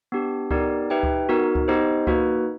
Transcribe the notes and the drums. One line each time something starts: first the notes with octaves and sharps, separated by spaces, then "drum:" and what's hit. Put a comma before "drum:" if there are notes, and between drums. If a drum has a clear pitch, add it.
B3 D4 G4
B3 D#4 G4 A#4 D5, drum: kick C#2
D#4 G4 B4 E5 G5
drum: kick C#2
B3 D#4 F#4 A#4
drum: kick C#2
B3 D#4 G4 C5 D#5
A#3 D#4 F#4 B4, drum: kick C#2